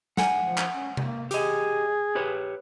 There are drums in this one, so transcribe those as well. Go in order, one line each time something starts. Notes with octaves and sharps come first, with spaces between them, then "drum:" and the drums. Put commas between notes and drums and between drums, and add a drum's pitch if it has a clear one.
F#5 G#5, drum: snare
F3
drum: clap
C#4
A#3, drum: tom C3
G4 G#4 D#5, drum: hi-hat
G4 B4 C#5